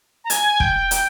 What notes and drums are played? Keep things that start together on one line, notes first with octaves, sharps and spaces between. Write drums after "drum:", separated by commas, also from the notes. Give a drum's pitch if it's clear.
A#5
G#5, drum: hi-hat
G5, drum: kick
G5, drum: hi-hat